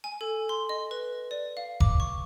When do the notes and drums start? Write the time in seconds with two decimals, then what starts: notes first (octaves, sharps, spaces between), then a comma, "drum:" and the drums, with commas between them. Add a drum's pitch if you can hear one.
0.04 G#5
0.21 A4
0.49 C6
0.69 D#5
0.91 B4
1.31 D5
1.57 F5
1.80 D6, drum: kick F1
2.00 C#6